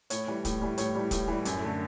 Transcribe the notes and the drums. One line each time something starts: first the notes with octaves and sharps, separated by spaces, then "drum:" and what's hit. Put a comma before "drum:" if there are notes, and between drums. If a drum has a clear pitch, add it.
A2 C#5, drum: hi-hat
E3 G3
A2, drum: kick, hi-hat
E3 G3
A2 C#5, drum: hi-hat
E3 G3
A2, drum: kick, hi-hat
E3 G3
F#2, drum: hi-hat
D3 A3